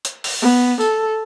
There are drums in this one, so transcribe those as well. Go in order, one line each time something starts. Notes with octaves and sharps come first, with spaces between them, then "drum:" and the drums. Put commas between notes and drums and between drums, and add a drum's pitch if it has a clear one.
drum: hi-hat
drum: open hi-hat
B3
A4, drum: tambourine